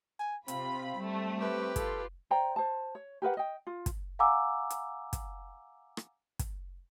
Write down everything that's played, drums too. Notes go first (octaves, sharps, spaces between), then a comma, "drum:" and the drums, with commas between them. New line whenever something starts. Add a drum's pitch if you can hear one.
G#5
C3 C4 F4 B5, drum: hi-hat
G3 A3
G4 B4
F4 A4, drum: kick, hi-hat
C5 D5 G5 A#5
C5 A5
C#5
G4 A#4 B4 F#5
D#5 G5
F4
drum: kick, hi-hat
F5 F#5 G#5 A#5 D6 E6
drum: hi-hat
drum: kick, hi-hat
drum: rim click
drum: kick, hi-hat